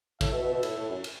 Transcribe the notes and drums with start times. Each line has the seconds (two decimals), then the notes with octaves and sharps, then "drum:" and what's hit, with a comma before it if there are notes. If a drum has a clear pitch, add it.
0.21 A2 E5, drum: kick, cymbal
0.32 B2
0.42 B2
0.52 B2
0.63 A2, drum: cymbal
0.77 A2
0.90 F#2
1.04 drum: cymbal